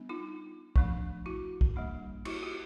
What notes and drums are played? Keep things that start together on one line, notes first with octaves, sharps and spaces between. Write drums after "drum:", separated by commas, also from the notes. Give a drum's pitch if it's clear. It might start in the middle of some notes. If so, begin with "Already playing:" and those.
Already playing: G3 B3 D4
D#4 F4
F3 A3 D4, drum: kick
E4 F#4
drum: kick
G3 A#3 D4
E4 F#4, drum: cymbal
F4 G4